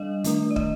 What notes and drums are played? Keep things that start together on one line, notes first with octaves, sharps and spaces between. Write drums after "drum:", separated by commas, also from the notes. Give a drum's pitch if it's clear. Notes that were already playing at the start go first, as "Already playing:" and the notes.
Already playing: G3 D4 D#5 F5
D#3 A3 D4, drum: hi-hat
D5
D#5, drum: kick